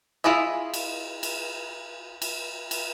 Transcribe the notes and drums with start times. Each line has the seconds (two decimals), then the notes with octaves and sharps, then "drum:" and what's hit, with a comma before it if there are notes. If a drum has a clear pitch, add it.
0.24 E4 F4 G#4 D#5 E5
0.74 drum: cymbal
1.23 drum: cymbal
2.22 drum: cymbal
2.71 drum: cymbal